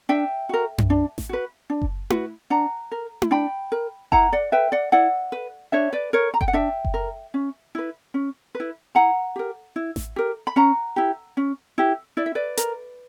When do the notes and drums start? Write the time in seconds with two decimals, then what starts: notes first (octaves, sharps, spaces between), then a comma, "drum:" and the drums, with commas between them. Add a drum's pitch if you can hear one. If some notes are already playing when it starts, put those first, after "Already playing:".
0.09 D4 E5 G5
0.49 F#4 A#4
0.78 drum: tom F#2
0.90 D4
1.18 drum: snare A1
1.29 F#4 B4
1.70 D4
1.82 drum: kick F#1
2.10 F#4 B4, drum: tom E4
2.50 D4 F#5 A#5
2.92 A#4
3.22 drum: tom E4
3.31 D4 G5 B5
3.72 A#4
4.12 E4 F#5 A#5, drum: kick F#1
4.33 D5 F#5
4.52 B4 E5 G5
4.72 D5 F#5
4.92 E4 D5 F#5
5.32 B4
5.72 D4 C#5 E5
5.93 B4 D5
6.13 A#4 C#5
6.34 A#5
6.41 G5, drum: kick F#1
6.48 F#5
6.53 D4 E5 G5
6.85 drum: kick F#1
6.94 A#4
7.34 C#4
7.75 E4 B4
8.14 C#4
8.55 B4
8.60 E4
8.95 E4 F#5 A#5
9.36 G4 A#4
9.76 E4
9.96 drum: snare A1
10.16 G4 A#4
10.47 B5
10.56 C#4 F#5 A#5
10.96 E4 G4
11.37 C#4
11.78 E4 G4
12.17 E4 D5
12.26 E5
12.35 B4 D5
12.57 A#4, drum: hi-hat